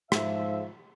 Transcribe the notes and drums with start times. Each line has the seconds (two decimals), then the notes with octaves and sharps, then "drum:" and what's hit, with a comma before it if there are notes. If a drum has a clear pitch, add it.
0.12 G#2 F3 E5, drum: rim click